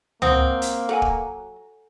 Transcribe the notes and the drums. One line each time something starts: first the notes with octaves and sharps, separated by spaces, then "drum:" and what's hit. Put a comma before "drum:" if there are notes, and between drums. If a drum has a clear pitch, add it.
A#3 C4 F#5 D#6, drum: tom C#2
drum: hi-hat
F#3 A4 F#5 G#5
drum: kick